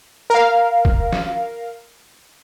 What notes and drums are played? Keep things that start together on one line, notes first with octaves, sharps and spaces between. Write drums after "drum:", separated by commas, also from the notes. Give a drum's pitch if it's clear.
A#4 F5
drum: kick
drum: snare